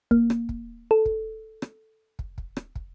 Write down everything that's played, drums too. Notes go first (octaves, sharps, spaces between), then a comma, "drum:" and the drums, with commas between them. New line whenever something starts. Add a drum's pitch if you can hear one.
A#3, drum: kick
drum: rim click
drum: kick
A4
drum: kick
drum: rim click
drum: kick
drum: kick
drum: rim click
drum: kick